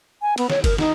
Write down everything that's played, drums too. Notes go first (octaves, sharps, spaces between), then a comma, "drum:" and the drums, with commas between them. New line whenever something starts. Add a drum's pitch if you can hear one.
G#5
B3, drum: cymbal
C#5, drum: snare
A#4, drum: kick, cymbal
D#4, drum: snare